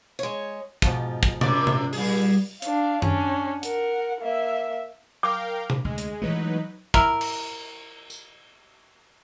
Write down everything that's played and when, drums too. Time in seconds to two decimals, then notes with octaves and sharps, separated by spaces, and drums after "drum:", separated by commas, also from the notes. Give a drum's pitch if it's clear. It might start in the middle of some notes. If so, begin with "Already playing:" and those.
0.19 G#3 C#5
0.82 G#2 B2 F3, drum: kick
1.23 drum: kick
1.41 F#2 C3 D5, drum: tom C3
1.67 drum: tom C3
1.93 A#2 G3 G#4, drum: open hi-hat
2.62 D4 F5, drum: hi-hat
3.02 C#4 D4, drum: tom F#2
3.63 A#4 F#5, drum: hi-hat
4.21 A#3 E5
5.23 A#4 F5 G5 D6
5.70 drum: tom C3
5.84 D2 G#3
5.98 drum: hi-hat
6.22 E3 F#3 G#3 A3 D#4 B4
6.94 E4 A#4, drum: kick
7.21 drum: cymbal
8.10 drum: tambourine